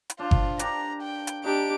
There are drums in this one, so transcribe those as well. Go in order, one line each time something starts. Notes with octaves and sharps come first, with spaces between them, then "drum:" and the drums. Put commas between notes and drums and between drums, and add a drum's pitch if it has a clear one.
drum: hi-hat
D4 F4 C5 F5
drum: kick G1
D4 G4 A#4 A#5, drum: hi-hat
G5
drum: hi-hat
D4 D#4 G4 D7